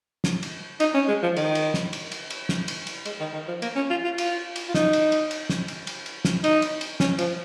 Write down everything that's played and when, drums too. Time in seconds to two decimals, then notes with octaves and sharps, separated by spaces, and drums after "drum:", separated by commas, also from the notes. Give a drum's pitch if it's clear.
0.24 drum: snare
0.43 drum: cymbal
0.80 D#4, drum: cymbal
0.95 C#4
1.08 G#3
1.23 F3
1.36 D#3, drum: cymbal
1.55 drum: cymbal
1.74 drum: snare
1.93 drum: cymbal
2.12 drum: cymbal
2.30 drum: cymbal
2.49 drum: snare
2.68 drum: cymbal
2.87 drum: cymbal
3.05 G#3, drum: cymbal
3.20 D#3
3.33 D#3
3.48 F3
3.62 A#3, drum: cymbal
3.76 C#4
3.90 F4
4.04 F4
4.18 F4, drum: cymbal
4.56 drum: cymbal
4.69 F4
4.74 D#4, drum: snare
4.93 drum: cymbal
5.12 drum: cymbal
5.31 drum: cymbal
5.50 drum: snare
5.68 drum: cymbal
5.87 drum: cymbal
6.06 drum: cymbal
6.25 drum: snare
6.44 D#4, drum: cymbal
6.62 drum: cymbal
6.81 drum: cymbal
7.00 C#4, drum: snare
7.19 F3, drum: cymbal